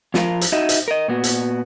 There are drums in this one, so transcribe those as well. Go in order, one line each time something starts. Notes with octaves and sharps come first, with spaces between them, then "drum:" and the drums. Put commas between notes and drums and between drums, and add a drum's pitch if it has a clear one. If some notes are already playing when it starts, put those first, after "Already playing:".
F3 F4 A#4 F5, drum: snare
drum: hi-hat
D#4 F#4 D#5 E5
drum: hi-hat
A#4 D#5
A#2 B3 F#4
drum: hi-hat